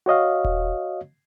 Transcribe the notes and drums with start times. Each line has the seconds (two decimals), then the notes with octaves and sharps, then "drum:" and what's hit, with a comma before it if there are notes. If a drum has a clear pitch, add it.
0.06 F#4 C#5 D#5 F5
0.45 drum: kick D#1